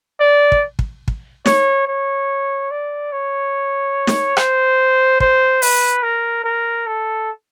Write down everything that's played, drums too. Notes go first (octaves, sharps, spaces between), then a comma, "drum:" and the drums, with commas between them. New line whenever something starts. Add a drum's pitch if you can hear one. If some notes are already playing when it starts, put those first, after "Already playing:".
D5
drum: kick
drum: kick
drum: kick
C#5, drum: snare
C#5
D5
C#5
drum: snare
C5, drum: rim click
C5, drum: kick
B4, drum: open hi-hat
A#4
A#4
A4